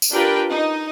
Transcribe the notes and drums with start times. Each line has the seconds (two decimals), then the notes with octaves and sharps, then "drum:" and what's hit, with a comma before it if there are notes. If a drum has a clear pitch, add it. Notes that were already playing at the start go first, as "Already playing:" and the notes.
0.02 drum: tambourine
0.12 D4 F4 G4 A#4 B4 G5
0.50 D#4